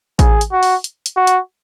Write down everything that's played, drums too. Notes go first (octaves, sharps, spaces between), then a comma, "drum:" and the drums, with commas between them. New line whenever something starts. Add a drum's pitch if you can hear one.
G#4, drum: kick A1, hi-hat
drum: hi-hat
F#4
drum: open hi-hat
drum: hi-hat
drum: hi-hat
F#4
drum: hi-hat